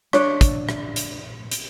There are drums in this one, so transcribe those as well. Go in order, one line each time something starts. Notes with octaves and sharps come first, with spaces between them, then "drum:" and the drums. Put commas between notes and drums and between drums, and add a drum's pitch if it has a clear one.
D4 C#5, drum: rim click
drum: kick, hi-hat
drum: rim click
drum: hi-hat
drum: hi-hat